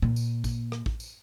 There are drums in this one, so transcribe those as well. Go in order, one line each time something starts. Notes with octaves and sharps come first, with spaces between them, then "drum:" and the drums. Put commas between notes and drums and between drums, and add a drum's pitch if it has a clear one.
A#2
drum: tambourine
drum: kick, tambourine
drum: rim click
drum: kick
drum: tambourine